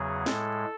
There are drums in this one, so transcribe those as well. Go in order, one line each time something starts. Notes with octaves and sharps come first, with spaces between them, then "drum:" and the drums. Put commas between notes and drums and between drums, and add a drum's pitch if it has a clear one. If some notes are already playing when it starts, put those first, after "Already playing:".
Already playing: E2 C#3 F#3 G#4
A2 G#3 A4, drum: snare